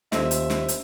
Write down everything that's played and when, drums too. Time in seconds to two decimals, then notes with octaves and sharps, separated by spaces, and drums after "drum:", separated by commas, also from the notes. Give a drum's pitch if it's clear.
0.12 D#2 A#3 C#4 F4 A4 C5 D#5 E5, drum: snare
0.31 drum: hi-hat
0.50 drum: snare
0.68 drum: hi-hat